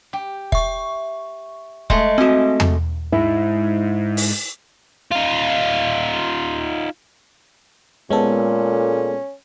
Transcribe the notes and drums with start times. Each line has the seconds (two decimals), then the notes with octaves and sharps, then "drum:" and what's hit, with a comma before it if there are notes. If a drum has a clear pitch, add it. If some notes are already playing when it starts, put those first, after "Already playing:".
0.13 G4
0.52 E5 C#6, drum: kick
1.90 G#3 A3, drum: kick
2.18 C4 F#4 D#5 E5
2.60 drum: tom E2
3.12 G#2 E4
4.17 drum: open hi-hat
5.12 D#4 F4
8.11 A#2 G#3 B3 C#4 A4